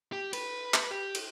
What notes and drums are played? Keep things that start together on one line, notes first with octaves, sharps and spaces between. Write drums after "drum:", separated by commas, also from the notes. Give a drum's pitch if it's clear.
G4
B4, drum: cymbal
drum: clap
G4
drum: cymbal